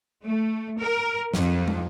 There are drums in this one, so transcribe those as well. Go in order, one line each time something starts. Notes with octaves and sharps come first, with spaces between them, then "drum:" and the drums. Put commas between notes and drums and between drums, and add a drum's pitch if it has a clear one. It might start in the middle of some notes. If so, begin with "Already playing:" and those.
A3
A#4
F2, drum: snare
drum: tom